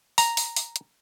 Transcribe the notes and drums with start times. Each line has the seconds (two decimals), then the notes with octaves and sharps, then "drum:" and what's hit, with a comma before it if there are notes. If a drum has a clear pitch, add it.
0.18 A#5, drum: open hi-hat
0.37 drum: open hi-hat
0.56 drum: open hi-hat
0.76 drum: hi-hat